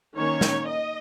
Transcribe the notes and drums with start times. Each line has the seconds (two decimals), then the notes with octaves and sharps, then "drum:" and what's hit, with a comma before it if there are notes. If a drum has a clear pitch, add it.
0.16 D#3 A#3 C#4 C#5
0.41 drum: snare
0.66 D#5